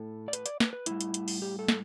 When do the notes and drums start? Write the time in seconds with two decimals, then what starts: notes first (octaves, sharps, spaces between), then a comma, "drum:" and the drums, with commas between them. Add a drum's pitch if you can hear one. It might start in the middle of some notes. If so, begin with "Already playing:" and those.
Already playing: A2 A3 A4
0.28 D5
0.33 B4, drum: hi-hat
0.46 D5, drum: hi-hat
0.60 B4, drum: snare
0.73 B4
0.86 A2 G3 E4, drum: hi-hat
1.01 drum: hi-hat
1.14 drum: hi-hat
1.28 drum: open hi-hat
1.42 G4
1.59 A4
1.68 drum: snare